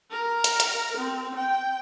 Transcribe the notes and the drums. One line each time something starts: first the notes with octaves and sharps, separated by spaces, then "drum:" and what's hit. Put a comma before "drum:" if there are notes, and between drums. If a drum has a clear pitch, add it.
A#4
drum: hi-hat
drum: hi-hat
C4
G5